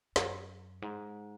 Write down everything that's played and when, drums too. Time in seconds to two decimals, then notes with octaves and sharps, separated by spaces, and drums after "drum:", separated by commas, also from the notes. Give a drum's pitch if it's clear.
0.16 F#2, drum: snare
0.82 G#2